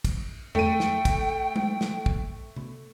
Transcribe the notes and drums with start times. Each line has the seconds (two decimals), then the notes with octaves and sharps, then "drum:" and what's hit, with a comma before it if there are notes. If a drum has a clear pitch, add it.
0.04 drum: kick, cymbal
0.55 A3 G5 D#7, drum: tom E2
0.80 drum: snare
1.05 drum: kick, cymbal
1.56 drum: tom G#3
1.81 drum: snare
2.06 drum: kick
2.56 drum: tom C3